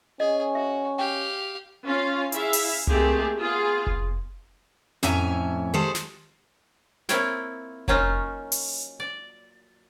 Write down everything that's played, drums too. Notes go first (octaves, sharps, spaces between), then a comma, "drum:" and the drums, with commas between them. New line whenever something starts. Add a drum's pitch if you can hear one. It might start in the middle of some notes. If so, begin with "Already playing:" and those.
C#4 G#4 D#5
F#4 E5
G4 F5 G5
C#4 F4 F5
E4 G#4 E5 F5, drum: hi-hat
drum: open hi-hat
A3 A#3 C4 D#4 G4 G#4, drum: tom C2
B3 F4 G#4 F5
drum: kick F1
F2 A2 C#4 E5 G#5 A#5, drum: snare
D#3 G3 G#3 A4 C5
drum: snare
A#3 C4 E4 F4 C#5 G5, drum: snare
F#3 A#3 C#4 D#4 F4, drum: kick F1
drum: open hi-hat
D5